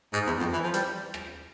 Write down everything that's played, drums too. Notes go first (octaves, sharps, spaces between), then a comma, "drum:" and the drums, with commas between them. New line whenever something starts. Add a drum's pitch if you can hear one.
G#2
E2
F2
E3
F3
G3, drum: hi-hat
drum: rim click